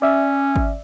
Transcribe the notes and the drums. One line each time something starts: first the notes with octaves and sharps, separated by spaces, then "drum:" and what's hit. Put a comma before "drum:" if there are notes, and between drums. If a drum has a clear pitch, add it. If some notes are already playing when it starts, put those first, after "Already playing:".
C#4 D5 E5
drum: kick G#1